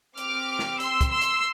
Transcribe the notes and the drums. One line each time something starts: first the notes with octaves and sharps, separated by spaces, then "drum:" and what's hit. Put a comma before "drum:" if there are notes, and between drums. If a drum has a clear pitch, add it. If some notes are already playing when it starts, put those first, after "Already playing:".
C4 G4 D6 F6, drum: hi-hat
drum: snare
C6 E6, drum: hi-hat
drum: kick, hi-hat
C6 E6
drum: hi-hat